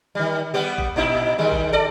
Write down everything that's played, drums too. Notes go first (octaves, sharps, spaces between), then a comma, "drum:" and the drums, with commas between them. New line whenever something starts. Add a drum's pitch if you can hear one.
D#3 G3
G3 B3 G4
drum: kick A1
A#2 D#4 E4
D#3 G3 G#3
drum: kick A1
A4 D5